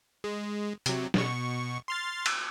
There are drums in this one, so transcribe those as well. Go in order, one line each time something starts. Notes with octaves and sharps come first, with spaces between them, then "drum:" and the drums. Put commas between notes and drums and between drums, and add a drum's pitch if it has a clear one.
G#3
C3 F#3, drum: hi-hat
B2 C#6, drum: snare
C6 F6 A6
drum: cymbal